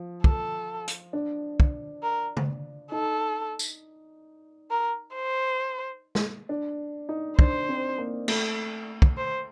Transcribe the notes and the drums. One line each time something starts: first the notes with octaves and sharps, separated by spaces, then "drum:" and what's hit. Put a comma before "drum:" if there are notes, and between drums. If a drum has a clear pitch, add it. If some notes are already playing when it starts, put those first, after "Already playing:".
Already playing: F3
A4, drum: kick
drum: hi-hat
D4
drum: kick
A#4
drum: tom C#3
D#4 A4
drum: tambourine
A#4
C5
drum: snare
D4
D#4
D4 C5, drum: kick
C4
A#3
A3, drum: cymbal
drum: kick
C5